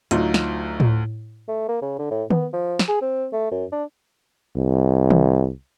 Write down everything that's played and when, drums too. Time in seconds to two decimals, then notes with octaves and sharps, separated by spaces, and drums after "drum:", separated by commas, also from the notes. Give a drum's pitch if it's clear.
0.11 D2 F#3 D#4 F4, drum: hi-hat
0.34 drum: snare
0.80 drum: tom A2
1.48 A3
1.69 A#3
1.82 C#3
1.99 D3
2.11 A2
2.30 B3, drum: tom D#3
2.53 F3
2.79 drum: snare
2.88 G#4
3.02 C4
3.32 A3
3.51 F#2
3.72 D4
4.57 C2
5.10 drum: tom D#3